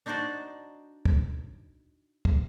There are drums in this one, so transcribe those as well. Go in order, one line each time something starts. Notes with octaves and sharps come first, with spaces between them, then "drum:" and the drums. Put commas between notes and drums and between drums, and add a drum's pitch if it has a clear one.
D4 D#4 F#4 C5 D5
drum: kick
drum: kick